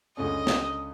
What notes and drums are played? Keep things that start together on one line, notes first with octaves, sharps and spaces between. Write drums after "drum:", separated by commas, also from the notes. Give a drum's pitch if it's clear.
C#2 D3 C#4 D#5
drum: snare